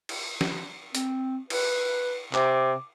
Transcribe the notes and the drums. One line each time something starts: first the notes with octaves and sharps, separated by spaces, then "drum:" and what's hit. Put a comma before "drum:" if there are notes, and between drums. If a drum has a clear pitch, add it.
drum: cymbal
drum: snare
C4, drum: hi-hat
B4, drum: cymbal
C3 D6, drum: clap